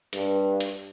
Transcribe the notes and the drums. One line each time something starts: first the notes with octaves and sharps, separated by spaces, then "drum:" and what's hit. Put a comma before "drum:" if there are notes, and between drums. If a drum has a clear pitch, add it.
G2, drum: hi-hat
drum: hi-hat